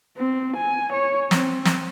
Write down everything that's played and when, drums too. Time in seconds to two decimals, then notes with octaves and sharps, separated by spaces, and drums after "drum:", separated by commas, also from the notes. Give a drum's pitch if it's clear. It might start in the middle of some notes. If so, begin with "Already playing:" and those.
0.17 C4
0.57 G#5
0.93 C#5
1.31 C4, drum: snare
1.65 drum: snare